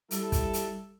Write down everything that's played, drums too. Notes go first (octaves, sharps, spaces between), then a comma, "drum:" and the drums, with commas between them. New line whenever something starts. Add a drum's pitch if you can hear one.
G3 E4 A4, drum: hi-hat
drum: kick, hi-hat
drum: hi-hat